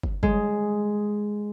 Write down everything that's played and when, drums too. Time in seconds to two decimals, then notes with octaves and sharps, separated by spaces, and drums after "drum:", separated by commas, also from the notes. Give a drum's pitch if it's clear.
0.03 drum: kick
0.23 G#3, drum: kick